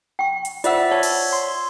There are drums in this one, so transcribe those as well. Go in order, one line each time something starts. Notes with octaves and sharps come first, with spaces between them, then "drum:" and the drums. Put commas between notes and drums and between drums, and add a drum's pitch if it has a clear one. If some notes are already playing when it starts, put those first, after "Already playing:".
G5 C#6
drum: hi-hat
F4 C5 D5 E5 F#5 E6, drum: hi-hat
C#5 A5
drum: open hi-hat
C6